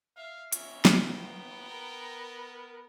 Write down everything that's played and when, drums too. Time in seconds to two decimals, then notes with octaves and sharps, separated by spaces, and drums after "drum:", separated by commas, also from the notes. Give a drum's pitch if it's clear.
0.17 E5 F5
0.52 D#2 F3 C#4 E5, drum: hi-hat
0.85 drum: snare
1.05 B3 G5 A#5
1.72 A#4